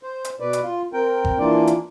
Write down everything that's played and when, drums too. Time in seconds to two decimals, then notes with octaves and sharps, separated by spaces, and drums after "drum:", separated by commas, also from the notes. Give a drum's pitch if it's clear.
0.03 C5
0.25 drum: hi-hat
0.40 B2 B4 D5
0.53 drum: hi-hat
0.63 F4
0.93 C4 A#4 G5
1.25 drum: kick G1
1.39 E3 A#3 D4 F4 D5
1.67 drum: hi-hat